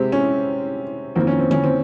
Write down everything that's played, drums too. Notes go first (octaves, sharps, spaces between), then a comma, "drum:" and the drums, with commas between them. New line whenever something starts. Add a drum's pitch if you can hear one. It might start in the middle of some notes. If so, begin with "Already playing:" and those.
Already playing: C3 G#3 C4 G4
C#4
F2 D#3 A#3 C4
C#4
C4
C#4, drum: tom D3
C4